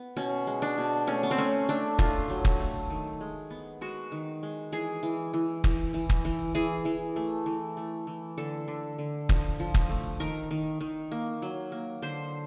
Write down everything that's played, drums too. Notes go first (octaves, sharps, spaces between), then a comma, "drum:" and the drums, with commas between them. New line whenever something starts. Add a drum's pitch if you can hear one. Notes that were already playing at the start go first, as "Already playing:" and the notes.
Already playing: B3
B2 C#4
G#3
D4
B2
A3 C#4
B3
C4
A3 C#4
A3 D4
A3 F4, drum: kick
F#3
drum: kick
A3
D#3
G#3
B3
G#3 F#4
D#3
G#3
E3 G#4
E3
E3
E3, drum: kick
E3
drum: kick
E3
E3 G#4
E3
A3
E3
A3
E3
D3 A4
D3
D3
F3, drum: kick
F3
drum: kick
A3
D#3 A#4
D#3
D#3
A#3
F#3
A#3
D3 C5